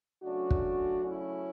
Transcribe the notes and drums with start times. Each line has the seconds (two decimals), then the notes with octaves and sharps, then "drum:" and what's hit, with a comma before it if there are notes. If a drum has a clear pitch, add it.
0.22 C#3 F#3 A3 C#4 D4 F#4
0.50 drum: kick
1.05 C#4 E4